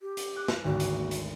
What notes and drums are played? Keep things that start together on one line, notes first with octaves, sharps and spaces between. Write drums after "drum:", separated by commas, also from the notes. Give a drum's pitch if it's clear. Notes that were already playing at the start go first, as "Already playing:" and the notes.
G4
drum: hi-hat
D6 F#6
drum: snare
G#1 D2 F#4
drum: hi-hat
drum: hi-hat